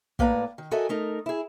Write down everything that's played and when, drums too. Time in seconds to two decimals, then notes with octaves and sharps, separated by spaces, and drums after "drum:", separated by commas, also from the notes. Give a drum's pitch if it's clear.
0.19 A2 A#3 B4 D5 A#5, drum: kick
0.58 D#3
0.71 F#4 A4 A#4 D#5 E5 G#5
0.89 A3 D#4 A#4
1.26 E4 G#4